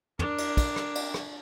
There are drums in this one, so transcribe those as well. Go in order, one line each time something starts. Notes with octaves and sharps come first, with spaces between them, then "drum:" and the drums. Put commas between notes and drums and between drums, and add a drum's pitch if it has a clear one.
D4 A#4, drum: tom
drum: cymbal
drum: kick, cymbal
drum: rim click
drum: cymbal
drum: rim click